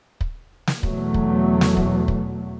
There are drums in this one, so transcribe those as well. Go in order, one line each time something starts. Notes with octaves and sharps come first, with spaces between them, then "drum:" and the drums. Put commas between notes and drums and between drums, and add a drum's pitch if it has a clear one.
drum: kick
drum: snare
E2 B2 F#3 A3, drum: kick
drum: kick
drum: snare
drum: kick
drum: kick